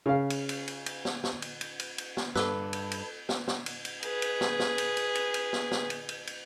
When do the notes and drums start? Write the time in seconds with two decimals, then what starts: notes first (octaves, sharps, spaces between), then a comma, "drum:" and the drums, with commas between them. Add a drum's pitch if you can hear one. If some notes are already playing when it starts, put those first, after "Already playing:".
0.06 C#3 F5
0.30 drum: cymbal
0.49 drum: cymbal
0.68 drum: cymbal
0.86 drum: cymbal
1.05 drum: snare
1.24 drum: snare
1.42 drum: cymbal
1.61 drum: cymbal
1.80 drum: cymbal
1.98 drum: cymbal
2.17 drum: snare
2.36 G2 A4 B4 A5 B5 D6 E6, drum: snare
2.73 drum: cymbal
2.92 drum: cymbal
3.29 drum: snare
3.47 drum: snare
3.66 drum: cymbal
3.85 drum: cymbal
4.03 G#4 B4, drum: cymbal
4.22 drum: cymbal
4.41 drum: snare
4.59 drum: snare
4.78 drum: cymbal
4.97 drum: cymbal
5.15 drum: cymbal
5.34 drum: cymbal
5.53 drum: snare
5.71 drum: snare
5.90 drum: cymbal
6.09 drum: cymbal
6.27 drum: cymbal